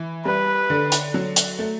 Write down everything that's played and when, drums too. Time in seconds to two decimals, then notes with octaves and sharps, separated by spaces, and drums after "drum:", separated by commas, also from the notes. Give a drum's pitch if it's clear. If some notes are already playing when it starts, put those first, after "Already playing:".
Already playing: E3
0.25 G3 B4
0.70 D3
0.92 drum: hi-hat
1.14 F#3
1.36 drum: hi-hat
1.59 A3